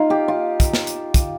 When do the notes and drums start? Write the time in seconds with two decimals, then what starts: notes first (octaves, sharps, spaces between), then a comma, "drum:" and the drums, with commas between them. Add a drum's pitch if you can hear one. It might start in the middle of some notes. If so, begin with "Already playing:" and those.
Already playing: D#4 F4
0.10 G4
0.28 F4
0.60 drum: kick, hi-hat
0.73 drum: snare
0.87 drum: hi-hat
1.14 drum: kick, hi-hat